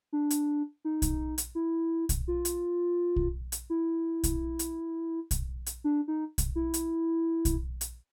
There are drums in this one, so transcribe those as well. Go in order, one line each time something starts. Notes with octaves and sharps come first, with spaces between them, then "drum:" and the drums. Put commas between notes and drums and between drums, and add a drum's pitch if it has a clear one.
D4
drum: hi-hat
D#4
drum: kick, hi-hat
drum: hi-hat
E4
drum: kick, hi-hat
F4
drum: hi-hat
drum: kick
drum: hi-hat
E4
drum: kick, hi-hat
drum: hi-hat
drum: kick, hi-hat
drum: hi-hat
D4
D#4
drum: kick, hi-hat
E4
drum: hi-hat
drum: kick, hi-hat
drum: hi-hat